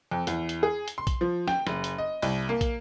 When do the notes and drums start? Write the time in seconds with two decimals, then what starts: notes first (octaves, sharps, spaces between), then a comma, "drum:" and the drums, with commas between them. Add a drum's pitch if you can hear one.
0.11 F2
0.27 E2, drum: hi-hat
0.49 drum: hi-hat
0.63 G#4
0.88 drum: hi-hat
0.98 C6
1.07 drum: kick, hi-hat
1.21 F3
1.48 G5, drum: snare
1.67 F#1, drum: snare
1.84 drum: hi-hat
1.98 D#5
2.22 C2, drum: open hi-hat
2.49 A#3
2.61 drum: kick, hi-hat